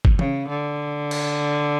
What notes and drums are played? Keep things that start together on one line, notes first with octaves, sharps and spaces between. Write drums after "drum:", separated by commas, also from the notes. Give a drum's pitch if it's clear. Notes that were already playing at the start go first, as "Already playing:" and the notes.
drum: kick G1
C#3, drum: tom E3
D3
drum: cymbal